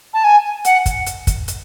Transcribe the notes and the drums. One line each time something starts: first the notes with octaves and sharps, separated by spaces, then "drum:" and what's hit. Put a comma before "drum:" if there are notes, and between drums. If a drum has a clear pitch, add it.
A5
G#5
F#5, drum: hi-hat
drum: kick, hi-hat
drum: hi-hat
drum: kick, hi-hat
drum: hi-hat